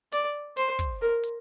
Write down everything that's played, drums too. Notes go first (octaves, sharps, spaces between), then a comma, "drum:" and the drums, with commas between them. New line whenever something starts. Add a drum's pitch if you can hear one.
D5, drum: hi-hat
C5, drum: hi-hat
drum: kick, hi-hat
A#4
drum: hi-hat